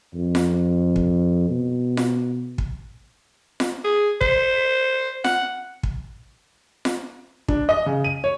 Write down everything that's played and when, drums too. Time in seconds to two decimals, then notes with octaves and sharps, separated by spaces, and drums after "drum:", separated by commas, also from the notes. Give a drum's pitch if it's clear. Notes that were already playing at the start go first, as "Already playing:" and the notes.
0.14 F2
0.35 drum: snare F4
0.96 drum: kick
1.50 B2
1.97 drum: snare F4
2.58 drum: kick
3.60 drum: snare F4
3.85 G#4
4.21 C5, drum: kick
5.24 F#5, drum: snare F4
5.83 drum: kick
6.85 drum: snare F4
7.48 D4, drum: kick
7.69 D#5
7.86 C#3
8.04 D#7
8.24 C#5